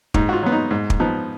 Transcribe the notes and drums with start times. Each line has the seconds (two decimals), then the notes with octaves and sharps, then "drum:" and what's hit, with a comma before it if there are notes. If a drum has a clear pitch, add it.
0.14 G#2 D#4, drum: kick
0.29 F#4
0.33 F4
0.43 F#3 B3
0.52 D#4
0.71 G#2
0.90 drum: kick
1.00 F3 B3 D#4